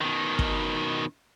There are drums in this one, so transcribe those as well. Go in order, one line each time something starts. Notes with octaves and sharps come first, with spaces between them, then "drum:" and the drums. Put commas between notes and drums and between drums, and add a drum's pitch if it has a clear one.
B2 D#3
drum: kick